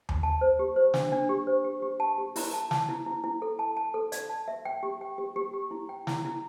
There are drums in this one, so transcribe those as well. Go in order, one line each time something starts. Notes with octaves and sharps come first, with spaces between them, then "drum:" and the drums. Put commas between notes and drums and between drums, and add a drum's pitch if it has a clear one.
drum: tom D#2
A5
C5
G4
C5
D4, drum: snare
D4
G4
C5
G4
G4
A5
G4
E4, drum: open hi-hat
A5
A5, drum: snare
E4
E4
E4
A4
A5
A5
A4
D5, drum: hi-hat
A5
E5
G5
G4
G5
G4
G4
G4
E4
G5
E4, drum: snare
E4